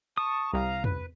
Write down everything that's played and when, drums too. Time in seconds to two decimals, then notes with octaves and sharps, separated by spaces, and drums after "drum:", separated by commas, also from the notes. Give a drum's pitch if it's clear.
0.18 A5 C#6 D#6
0.53 C2 F5 A#5
0.84 B4, drum: tom